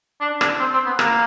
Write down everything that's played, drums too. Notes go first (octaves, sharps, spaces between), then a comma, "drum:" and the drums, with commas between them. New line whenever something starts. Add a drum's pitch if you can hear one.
D4
D4, drum: rim click
C4
C4
B3
A#3, drum: rim click